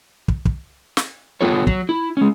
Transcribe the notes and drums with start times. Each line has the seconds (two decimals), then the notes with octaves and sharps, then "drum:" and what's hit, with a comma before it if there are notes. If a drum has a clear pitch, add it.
0.28 drum: kick
0.45 drum: kick
0.97 drum: snare
1.41 G3 B3 F4 A4 C#5
1.67 F#3, drum: kick
1.89 E4
2.17 G#3 C#4